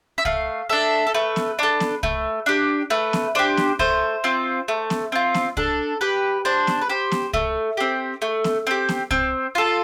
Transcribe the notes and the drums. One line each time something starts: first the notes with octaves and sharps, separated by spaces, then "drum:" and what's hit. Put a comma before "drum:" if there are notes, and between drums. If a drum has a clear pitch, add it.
E5
A3 F5, drum: kick C2
D4 A4 E5
A4
A3 B4
drum: snare B3
D4 A4
drum: snare B3
A3, drum: kick C2
D4 G4
A3 B4
drum: snare B3
D4 G4 C5
drum: snare B3
A3 C5, drum: kick C2
C4 F4
A3
drum: snare B3
C4 F4
drum: snare B3
D4 A4, drum: kick C2
G4 B4
D4 C5
drum: snare B3
B4
G4 C5
drum: snare B3
A3, drum: kick C2
C4 G4
A3
drum: snare B3
C4 G4
drum: snare B3
C4, drum: kick C2
F4 A4